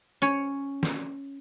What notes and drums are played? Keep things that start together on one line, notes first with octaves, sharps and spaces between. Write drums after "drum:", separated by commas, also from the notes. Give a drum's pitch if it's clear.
C#4 C#5
drum: snare